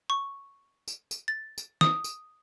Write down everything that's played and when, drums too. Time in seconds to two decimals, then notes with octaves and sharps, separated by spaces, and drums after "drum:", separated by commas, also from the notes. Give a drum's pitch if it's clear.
0.10 C#6
0.88 drum: tambourine
1.11 drum: tambourine
1.28 A6
1.58 drum: tambourine
1.81 D#6, drum: snare
2.04 drum: tambourine